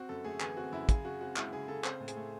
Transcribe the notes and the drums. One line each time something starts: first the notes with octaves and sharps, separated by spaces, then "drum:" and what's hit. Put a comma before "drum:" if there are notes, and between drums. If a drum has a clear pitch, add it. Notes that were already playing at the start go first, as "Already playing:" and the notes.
Already playing: C4 F#4
F#2 A4
A3 G#4
E3 G#4, drum: clap
C4 F#4
F#2 E4
C#3 G#4, drum: kick, hi-hat
C#3 F#4
C4 F#4
G#3 E4, drum: clap
C#3 G#4
C#3 A4
C4 C5, drum: clap
A2
G#4, drum: hi-hat
A3